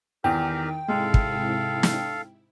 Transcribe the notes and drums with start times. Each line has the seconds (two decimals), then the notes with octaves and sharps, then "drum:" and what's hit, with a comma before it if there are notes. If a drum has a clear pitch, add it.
0.24 E2 D#3 G4 A#4 G5
0.88 G#2 C3 G#3 E4 A4 F5
1.14 drum: kick
1.83 drum: snare